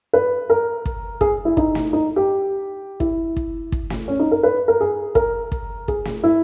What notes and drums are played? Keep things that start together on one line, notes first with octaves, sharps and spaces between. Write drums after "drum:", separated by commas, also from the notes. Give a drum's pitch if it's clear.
B4
A#4
drum: kick
G#4, drum: kick
E4
D#4, drum: kick
drum: snare
D#4
G4
E4, drum: kick
drum: kick
drum: kick
drum: snare
C#4
D#4
A#4
B4
A#4
G#4
A#4, drum: kick
drum: kick
G#4, drum: kick
drum: snare
E4